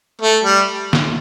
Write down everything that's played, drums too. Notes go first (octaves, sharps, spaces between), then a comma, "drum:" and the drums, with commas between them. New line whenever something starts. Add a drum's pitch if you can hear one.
A3
G3
drum: snare